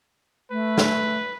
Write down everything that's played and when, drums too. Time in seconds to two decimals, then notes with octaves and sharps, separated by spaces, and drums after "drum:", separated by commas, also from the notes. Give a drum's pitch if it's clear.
0.51 A3 B4
0.78 drum: snare